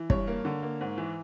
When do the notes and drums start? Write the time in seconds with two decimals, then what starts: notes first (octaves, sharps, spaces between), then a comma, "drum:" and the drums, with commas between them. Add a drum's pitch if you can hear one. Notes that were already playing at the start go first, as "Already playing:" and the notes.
Already playing: E3
0.10 G2 C#5, drum: kick
0.27 A#3
0.45 D3
0.62 A#3
0.81 G#2
0.98 E3